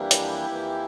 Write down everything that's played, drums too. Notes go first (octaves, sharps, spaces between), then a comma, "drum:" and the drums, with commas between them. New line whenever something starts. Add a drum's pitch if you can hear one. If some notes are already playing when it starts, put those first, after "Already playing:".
Already playing: F2 E3 G3 A#3 D4 E4 G4
drum: hi-hat
F2 E3 A#3